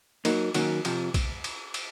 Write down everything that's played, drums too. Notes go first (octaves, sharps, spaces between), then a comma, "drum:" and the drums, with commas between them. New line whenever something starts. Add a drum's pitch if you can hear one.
F#3 A#3 D#4, drum: cymbal
D#3 F#3 A#3 C#4, drum: cymbal
F2 C3 F3, drum: cymbal
drum: kick B1, cymbal
drum: cymbal
drum: cymbal